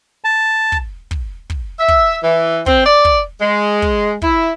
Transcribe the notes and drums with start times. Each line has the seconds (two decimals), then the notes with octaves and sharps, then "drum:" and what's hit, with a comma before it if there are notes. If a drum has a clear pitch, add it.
0.24 A5
0.72 drum: kick
1.11 drum: kick
1.50 drum: kick
1.79 E5
1.88 drum: kick
2.23 E3
2.66 C4, drum: kick
2.85 D5
3.05 drum: kick
3.39 G#3
3.82 drum: kick
4.22 E4, drum: kick